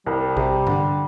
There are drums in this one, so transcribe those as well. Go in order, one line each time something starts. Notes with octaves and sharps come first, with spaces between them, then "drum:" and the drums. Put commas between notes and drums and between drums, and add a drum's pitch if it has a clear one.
C2 G3
C3, drum: kick A#1
D3, drum: tom G2